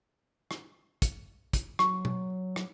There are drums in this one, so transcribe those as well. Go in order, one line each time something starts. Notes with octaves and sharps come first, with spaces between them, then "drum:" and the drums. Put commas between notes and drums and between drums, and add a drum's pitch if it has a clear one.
drum: rim click
drum: kick, hi-hat
drum: kick, hi-hat
F#3 C#6, drum: rim click
drum: tom
drum: rim click